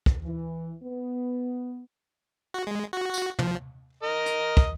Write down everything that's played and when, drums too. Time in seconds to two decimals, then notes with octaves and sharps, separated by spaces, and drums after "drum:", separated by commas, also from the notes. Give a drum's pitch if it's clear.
0.06 drum: kick
0.24 E3
0.83 B3
2.54 F#4
2.67 G#3
2.93 F#4
3.14 F#4, drum: tambourine
3.39 F3, drum: tom
4.03 A#4 D#5
4.26 drum: hi-hat
4.57 drum: kick